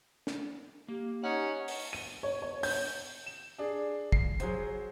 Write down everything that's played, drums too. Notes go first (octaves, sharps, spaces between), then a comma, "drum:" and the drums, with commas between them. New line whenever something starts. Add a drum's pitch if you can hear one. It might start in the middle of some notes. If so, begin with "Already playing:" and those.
drum: snare
A#3 G4
C#4 D#4 F#5
drum: open hi-hat
D#7
C#5
C#5
G6, drum: open hi-hat
E7
D4 G#4
C7, drum: kick
F#3 G#4 C5, drum: hi-hat